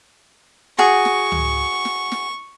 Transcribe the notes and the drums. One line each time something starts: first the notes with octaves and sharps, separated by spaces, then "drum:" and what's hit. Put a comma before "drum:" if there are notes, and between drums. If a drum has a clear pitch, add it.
F#4 G#4 C#6
drum: snare
drum: tom C#2
drum: snare
drum: snare